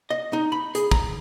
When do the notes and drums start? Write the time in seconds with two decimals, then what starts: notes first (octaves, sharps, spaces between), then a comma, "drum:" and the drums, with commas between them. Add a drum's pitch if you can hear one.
0.10 D#5
0.33 D#4
0.52 B5
0.75 G#4, drum: hi-hat
0.91 A#5, drum: kick